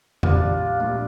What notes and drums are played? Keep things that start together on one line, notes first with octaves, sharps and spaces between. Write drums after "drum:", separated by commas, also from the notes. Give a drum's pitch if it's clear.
A#1 A#2 G3 D4 F4, drum: tom F2
A#1 A#2 G3 D4 F4